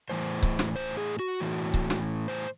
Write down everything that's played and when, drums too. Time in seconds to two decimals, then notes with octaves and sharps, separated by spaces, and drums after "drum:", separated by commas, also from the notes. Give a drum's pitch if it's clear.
0.10 A2 E3 C5
0.43 drum: kick C#1
0.59 drum: snare
0.76 C5
0.97 G#4
1.19 F#4
1.40 A2 E3
1.74 drum: kick C#1
1.90 drum: snare
2.28 C5